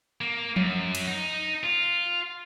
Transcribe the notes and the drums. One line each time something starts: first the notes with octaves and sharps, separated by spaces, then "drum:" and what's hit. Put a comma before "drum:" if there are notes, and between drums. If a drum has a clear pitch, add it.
A#3
F#2, drum: tom F3
drum: cymbal
D#4
F4